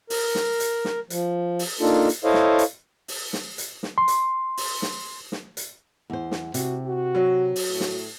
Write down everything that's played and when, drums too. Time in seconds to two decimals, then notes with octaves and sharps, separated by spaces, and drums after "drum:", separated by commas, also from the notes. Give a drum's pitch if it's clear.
0.10 A#4, drum: open hi-hat
0.35 drum: snare
0.60 drum: hi-hat
0.85 drum: snare
1.10 F3, drum: hi-hat
1.59 drum: open hi-hat
1.81 A#3 D4 D#4 F4 A4
2.09 drum: hi-hat
2.24 E4 A4 C5 C#5 D#5 F5
2.34 drum: snare
2.59 drum: hi-hat
3.08 drum: open hi-hat
3.33 drum: snare
3.58 drum: hi-hat
3.83 drum: snare
3.98 C6
4.08 drum: hi-hat
4.57 drum: open hi-hat
4.82 drum: snare
5.32 drum: snare
5.57 drum: hi-hat
6.10 E2 C5
6.31 drum: snare
6.54 C3 F#4, drum: hi-hat
6.86 F#4
7.15 F#3
7.56 drum: open hi-hat
7.69 A2
7.80 drum: snare